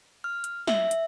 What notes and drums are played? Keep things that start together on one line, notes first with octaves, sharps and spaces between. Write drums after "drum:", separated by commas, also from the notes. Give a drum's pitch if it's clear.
F6
drum: hi-hat
E5, drum: snare
drum: hi-hat